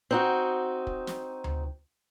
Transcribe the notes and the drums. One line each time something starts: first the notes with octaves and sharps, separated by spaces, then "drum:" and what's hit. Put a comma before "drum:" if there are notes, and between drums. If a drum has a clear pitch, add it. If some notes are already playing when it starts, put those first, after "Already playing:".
C4 D#4 F#4
drum: kick
drum: snare
drum: tom D2